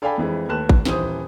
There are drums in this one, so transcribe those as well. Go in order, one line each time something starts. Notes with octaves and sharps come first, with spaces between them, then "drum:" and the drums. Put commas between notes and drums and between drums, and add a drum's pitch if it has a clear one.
A4 D5 F5 G5 G#5 B5
F2 E3 F3 G#3
D#2 A3 B4 A5 F#6 E7
drum: kick A1
D#1 E3 C5 D#6, drum: snare